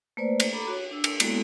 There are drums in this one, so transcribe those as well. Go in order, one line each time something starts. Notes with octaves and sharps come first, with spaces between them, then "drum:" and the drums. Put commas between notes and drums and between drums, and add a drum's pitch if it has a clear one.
A3 A#3 B4 C5 D5
drum: cymbal
A4 A#5 B5 D6
F#4 C#5
D4 E6
drum: cymbal
G#3 A#3 B3 E4 F#4 A4, drum: cymbal